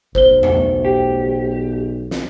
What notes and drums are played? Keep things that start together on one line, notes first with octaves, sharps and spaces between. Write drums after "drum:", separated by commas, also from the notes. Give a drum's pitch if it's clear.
B1 C5 G7, drum: kick G1
drum: tom E2
G4
drum: snare